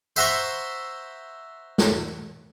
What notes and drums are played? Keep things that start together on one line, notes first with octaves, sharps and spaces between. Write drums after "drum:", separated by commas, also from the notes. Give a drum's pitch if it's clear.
C5 E5 F#5 A#5 C6 C#6, drum: tambourine
drum: snare